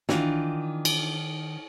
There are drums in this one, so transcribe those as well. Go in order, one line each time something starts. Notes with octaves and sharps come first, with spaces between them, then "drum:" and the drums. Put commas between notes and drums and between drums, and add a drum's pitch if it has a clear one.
D#3 E3 D4 F4, drum: snare
drum: cymbal